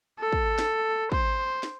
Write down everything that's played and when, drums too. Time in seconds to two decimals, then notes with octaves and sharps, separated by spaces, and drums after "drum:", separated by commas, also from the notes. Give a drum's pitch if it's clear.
0.19 A4
0.32 drum: kick
0.59 drum: snare
1.12 C5, drum: kick
1.63 drum: snare